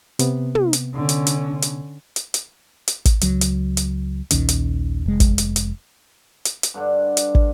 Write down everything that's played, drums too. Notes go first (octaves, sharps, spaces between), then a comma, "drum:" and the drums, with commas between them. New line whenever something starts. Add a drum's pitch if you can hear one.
C3 B3, drum: hi-hat
drum: tom
drum: hi-hat
D3 C#4
drum: hi-hat
drum: hi-hat
drum: hi-hat
drum: hi-hat
drum: hi-hat
drum: hi-hat
drum: kick, hi-hat
C#2 F#3, drum: hi-hat
drum: hi-hat
drum: hi-hat
A#1 D#2 D#3 C#4, drum: hi-hat
drum: hi-hat
F1 G#3
drum: kick, hi-hat
drum: hi-hat
drum: hi-hat
drum: hi-hat
drum: hi-hat
G2 D3 D4
drum: hi-hat
drum: kick